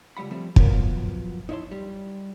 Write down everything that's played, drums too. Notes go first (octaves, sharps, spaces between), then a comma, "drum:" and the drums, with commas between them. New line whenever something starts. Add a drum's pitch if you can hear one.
C#2 F3 G3 F#5 B5
F3 G3 A3 C4
F3 F#3 B3 F4 A#4, drum: kick
D#4 E4 C#5 E5 A5 C6
G3